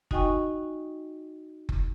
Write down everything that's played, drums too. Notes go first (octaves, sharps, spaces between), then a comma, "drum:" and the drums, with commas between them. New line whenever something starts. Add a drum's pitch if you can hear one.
D#4 F#4 D#5 G5 G#5 C#6, drum: kick F#1
drum: kick F#1